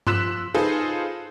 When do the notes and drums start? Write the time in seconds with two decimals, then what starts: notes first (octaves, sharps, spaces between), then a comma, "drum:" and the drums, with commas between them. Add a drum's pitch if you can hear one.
0.07 F3 C6 E6 F#6 B6 E7, drum: tom G2
0.54 D#4 F4 G#4 A4 B4 C5